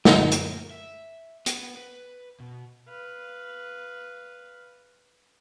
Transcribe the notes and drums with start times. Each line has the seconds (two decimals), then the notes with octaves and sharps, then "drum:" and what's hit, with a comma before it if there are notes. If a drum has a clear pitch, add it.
0.05 A#4, drum: snare
0.32 A#4, drum: hi-hat
0.71 E5
1.46 B3, drum: hi-hat
1.77 B4
2.40 B2
2.88 B4 F5